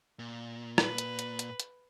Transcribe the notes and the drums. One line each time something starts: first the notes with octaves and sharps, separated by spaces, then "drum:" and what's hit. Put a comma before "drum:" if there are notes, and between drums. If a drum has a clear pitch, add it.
A#2
B4, drum: rim click
drum: hi-hat
drum: hi-hat
drum: hi-hat
drum: hi-hat